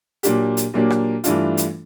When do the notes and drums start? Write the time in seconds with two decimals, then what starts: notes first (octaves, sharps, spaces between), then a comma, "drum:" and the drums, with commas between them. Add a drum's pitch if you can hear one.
0.23 A#2 F#3 A#3 D4 G4, drum: hi-hat
0.57 drum: hi-hat
0.74 A#2 F#3 A#3 D4 G4
0.90 drum: rim click
1.24 G2 E3 A3 D4 F4, drum: hi-hat
1.57 drum: hi-hat